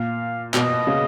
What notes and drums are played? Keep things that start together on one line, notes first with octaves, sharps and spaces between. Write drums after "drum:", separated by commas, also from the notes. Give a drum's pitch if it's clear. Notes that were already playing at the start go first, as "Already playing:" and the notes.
Already playing: A#2 F5
B2 D#5, drum: clap
C#3